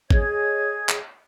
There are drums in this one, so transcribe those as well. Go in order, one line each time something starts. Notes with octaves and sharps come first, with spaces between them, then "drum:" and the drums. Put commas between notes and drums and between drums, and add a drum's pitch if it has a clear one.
G#4 C#5 D#5 G#6, drum: kick G#1
drum: clap